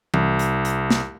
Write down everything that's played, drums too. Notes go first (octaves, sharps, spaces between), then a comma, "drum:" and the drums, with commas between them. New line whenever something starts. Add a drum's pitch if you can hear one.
C2, drum: tom E3
drum: hi-hat
drum: hi-hat
drum: snare